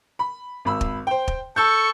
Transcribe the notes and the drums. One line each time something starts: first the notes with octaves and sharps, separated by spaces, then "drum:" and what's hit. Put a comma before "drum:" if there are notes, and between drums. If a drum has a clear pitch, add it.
B5
G#1 B5 E6
drum: kick
C5 G5
drum: kick
A4 A5 C#6 E6 G6